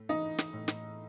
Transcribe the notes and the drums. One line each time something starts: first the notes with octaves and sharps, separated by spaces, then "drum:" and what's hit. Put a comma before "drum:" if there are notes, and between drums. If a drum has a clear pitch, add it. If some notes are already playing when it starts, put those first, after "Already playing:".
Already playing: A2 A3
E3 D#4
drum: snare
A2
drum: snare